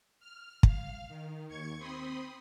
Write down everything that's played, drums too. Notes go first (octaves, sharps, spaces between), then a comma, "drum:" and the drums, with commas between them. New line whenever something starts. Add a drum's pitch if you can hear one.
F6
F5 F6, drum: kick
D#3
D#2 C#6 G#6 C#7
C4 B5 C6 D#6